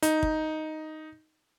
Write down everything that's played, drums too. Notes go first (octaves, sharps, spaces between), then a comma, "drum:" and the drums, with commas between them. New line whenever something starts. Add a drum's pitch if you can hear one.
D#4, drum: hi-hat
drum: kick